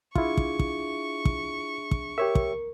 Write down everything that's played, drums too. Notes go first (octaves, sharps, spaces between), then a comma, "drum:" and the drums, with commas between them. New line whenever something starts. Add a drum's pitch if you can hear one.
D4 E4 F4 G#4 E5 C#6, drum: kick
drum: kick
drum: kick
drum: kick
drum: kick
G4 A#4 C#5 E5
drum: kick